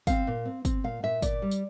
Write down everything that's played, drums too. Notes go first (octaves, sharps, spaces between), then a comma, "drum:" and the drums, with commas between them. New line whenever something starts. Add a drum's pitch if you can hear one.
C4 F5, drum: kick, tambourine
A#2
C4
C4, drum: kick, tambourine
A#2 F5
A#2 E5
A#2 D5, drum: kick, tambourine
G3
drum: tambourine